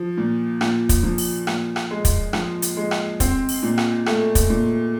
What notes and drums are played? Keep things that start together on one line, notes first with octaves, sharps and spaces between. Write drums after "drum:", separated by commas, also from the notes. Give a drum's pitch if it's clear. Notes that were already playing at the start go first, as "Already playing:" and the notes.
Already playing: F3
A#2
A#2, drum: rim click
drum: kick, hi-hat
F3
drum: open hi-hat
A#2, drum: rim click
drum: rim click
G#3
drum: kick, hi-hat
F3, drum: rim click
drum: hi-hat
G#3
drum: rim click
C4, drum: kick, hi-hat
drum: open hi-hat
A#2
drum: rim click
A3, drum: rim click
drum: kick, hi-hat
A#2